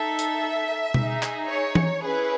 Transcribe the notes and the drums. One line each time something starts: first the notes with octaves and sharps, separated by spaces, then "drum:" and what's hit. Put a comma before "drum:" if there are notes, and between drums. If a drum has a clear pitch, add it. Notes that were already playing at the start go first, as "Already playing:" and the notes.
Already playing: D#4 A4 E5
drum: hi-hat
D#4 G#4, drum: tom B2
drum: clap
C#5
drum: tom E3
C#4 E4 G#4 B4